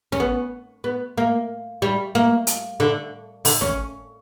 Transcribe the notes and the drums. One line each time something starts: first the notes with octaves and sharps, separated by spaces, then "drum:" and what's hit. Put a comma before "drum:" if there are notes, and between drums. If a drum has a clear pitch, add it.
C#4, drum: snare
B3
B3
A#3
G3
A#3
drum: hi-hat
D3
D3, drum: open hi-hat
C#4, drum: snare